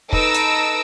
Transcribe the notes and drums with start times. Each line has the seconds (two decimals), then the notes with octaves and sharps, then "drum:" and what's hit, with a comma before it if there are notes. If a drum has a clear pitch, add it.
0.13 D#4 A4 B4 E6 A#6 D7, drum: kick
0.34 drum: hi-hat